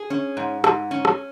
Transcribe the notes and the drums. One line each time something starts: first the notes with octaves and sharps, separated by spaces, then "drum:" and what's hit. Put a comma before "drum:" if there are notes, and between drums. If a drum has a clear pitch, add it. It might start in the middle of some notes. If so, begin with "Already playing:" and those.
Already playing: G#4
C#4
G#2
G#2, drum: rim click
C#4
drum: rim click